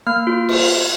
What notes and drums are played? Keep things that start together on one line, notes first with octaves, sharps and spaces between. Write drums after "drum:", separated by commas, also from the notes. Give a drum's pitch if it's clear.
A#3 F6
F4
drum: cymbal